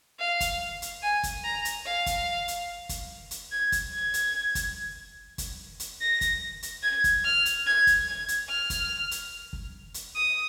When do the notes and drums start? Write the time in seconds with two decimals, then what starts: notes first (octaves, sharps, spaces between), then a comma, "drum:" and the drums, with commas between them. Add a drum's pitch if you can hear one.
0.19 F5
0.40 drum: kick, hi-hat
0.82 drum: hi-hat
1.03 G#5
1.23 drum: kick, hi-hat
1.44 A#5
1.65 drum: hi-hat
1.86 F5
2.06 drum: kick, hi-hat
2.48 drum: hi-hat
2.89 drum: kick, hi-hat
3.31 drum: hi-hat
3.51 G#6
3.72 drum: kick, hi-hat
3.93 G#6
4.14 drum: hi-hat
4.55 drum: kick, hi-hat
5.38 drum: kick, hi-hat
5.80 drum: hi-hat
6.01 A#6
6.21 drum: kick, hi-hat
6.63 drum: hi-hat
6.83 G#6
7.04 drum: kick, hi-hat
7.25 F6
7.45 drum: hi-hat
7.66 G#6
7.87 drum: kick, hi-hat
8.08 G#6
8.28 drum: hi-hat
8.49 F6
8.70 drum: kick, hi-hat
9.11 drum: hi-hat
9.53 drum: kick
9.94 drum: hi-hat
10.15 D#6